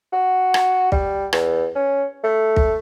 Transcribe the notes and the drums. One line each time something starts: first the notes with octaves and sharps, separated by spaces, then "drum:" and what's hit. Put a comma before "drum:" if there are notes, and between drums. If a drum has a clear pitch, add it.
F#4
drum: rim click
G3, drum: kick
E2, drum: rim click
C#4
A3
drum: kick